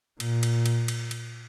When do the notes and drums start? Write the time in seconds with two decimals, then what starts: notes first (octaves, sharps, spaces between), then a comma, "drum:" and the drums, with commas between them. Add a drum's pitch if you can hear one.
0.20 A#2, drum: cymbal
0.43 drum: cymbal
0.66 drum: cymbal
0.88 drum: cymbal
1.11 drum: cymbal